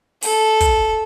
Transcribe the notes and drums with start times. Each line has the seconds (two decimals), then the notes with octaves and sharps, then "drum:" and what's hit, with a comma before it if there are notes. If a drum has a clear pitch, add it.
0.22 A4, drum: open hi-hat
0.60 drum: kick, hi-hat